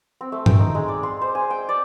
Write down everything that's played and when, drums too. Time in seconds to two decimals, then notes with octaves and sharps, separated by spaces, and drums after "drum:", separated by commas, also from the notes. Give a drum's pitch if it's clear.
0.21 C4
0.32 A3
0.46 G5, drum: tom G2
0.59 D#4
0.75 G#3
0.88 D5
1.03 C6
1.21 C5
1.35 G#5
1.50 G5
1.69 D5